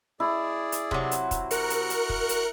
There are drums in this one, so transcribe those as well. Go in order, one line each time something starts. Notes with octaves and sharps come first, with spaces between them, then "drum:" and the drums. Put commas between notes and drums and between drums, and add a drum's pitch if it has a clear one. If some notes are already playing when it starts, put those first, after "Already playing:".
E4 G#4 D5
drum: hi-hat
C3 F#3, drum: kick
drum: hi-hat
drum: kick, hi-hat
F#4 A#4 F#6 C#7, drum: hi-hat
drum: hi-hat
drum: hi-hat
drum: kick
drum: hi-hat